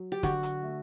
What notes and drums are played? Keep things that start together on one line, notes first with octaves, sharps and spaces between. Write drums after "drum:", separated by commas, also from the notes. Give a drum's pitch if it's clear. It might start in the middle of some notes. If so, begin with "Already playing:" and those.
Already playing: F#3
G4
D3 F#4, drum: kick, hi-hat
drum: hi-hat
A3